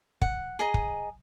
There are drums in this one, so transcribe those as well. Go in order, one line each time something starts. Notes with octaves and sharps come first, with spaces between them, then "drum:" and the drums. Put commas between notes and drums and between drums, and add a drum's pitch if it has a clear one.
F#5, drum: kick
G#4 D#5 A#5
drum: kick